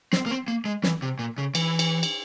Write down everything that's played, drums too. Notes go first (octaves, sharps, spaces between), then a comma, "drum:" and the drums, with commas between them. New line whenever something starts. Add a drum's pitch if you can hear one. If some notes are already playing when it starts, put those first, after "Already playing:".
C4, drum: snare
A#3
C4
A#3
G#3
E3, drum: snare
C3
A#2
C#3
E3, drum: cymbal
drum: cymbal
drum: cymbal